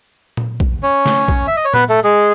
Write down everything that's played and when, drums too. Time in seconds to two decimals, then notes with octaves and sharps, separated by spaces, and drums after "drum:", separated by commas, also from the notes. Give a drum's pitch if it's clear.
0.37 drum: tom A#2
0.60 drum: kick
0.83 C#4 C#5
1.06 drum: snare
1.28 drum: kick
1.47 E5
1.57 D#5
1.65 C#5
1.74 B3 B4, drum: tom A#2
1.89 A3 A4
2.04 G#3 G#4